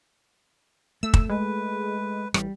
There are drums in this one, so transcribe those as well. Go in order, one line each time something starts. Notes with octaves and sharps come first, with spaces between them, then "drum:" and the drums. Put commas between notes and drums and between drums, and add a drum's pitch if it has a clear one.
A3 E6
drum: kick
G#3 B4
A1 G3, drum: rim click